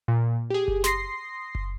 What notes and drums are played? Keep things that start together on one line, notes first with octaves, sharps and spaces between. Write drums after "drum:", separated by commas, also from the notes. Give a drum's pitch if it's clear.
A#2
G4 G#4
drum: kick F#1
C6 D#6 A#6 C7, drum: snare
drum: kick F#1